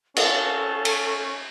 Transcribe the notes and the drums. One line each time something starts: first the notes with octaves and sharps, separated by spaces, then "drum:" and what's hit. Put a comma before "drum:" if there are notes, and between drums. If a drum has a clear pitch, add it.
C#4 A4, drum: cymbal
drum: cymbal